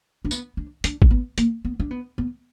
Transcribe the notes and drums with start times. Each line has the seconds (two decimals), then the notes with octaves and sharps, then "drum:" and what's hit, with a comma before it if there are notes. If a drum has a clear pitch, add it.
0.25 D4
0.31 B3, drum: tambourine
0.57 D4
0.84 D4, drum: hi-hat
1.02 D4, drum: kick G#1
1.11 B3
1.38 A#3, drum: hi-hat
1.65 B3
1.80 D4
1.91 B3
2.18 B3